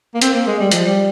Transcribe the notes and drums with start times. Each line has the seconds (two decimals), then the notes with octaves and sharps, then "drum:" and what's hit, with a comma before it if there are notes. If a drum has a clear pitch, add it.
0.15 A#3
0.22 C4, drum: hi-hat
0.34 A#3
0.47 G#3
0.59 G3
0.72 F3, drum: hi-hat
0.84 G3